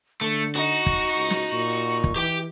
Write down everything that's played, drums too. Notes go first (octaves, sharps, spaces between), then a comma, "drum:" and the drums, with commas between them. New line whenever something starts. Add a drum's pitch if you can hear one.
D3 A3 C#7
D#4 F#4 C#6
drum: kick
C#2
drum: snare
A#2 C#6
drum: kick
E3 G4 G5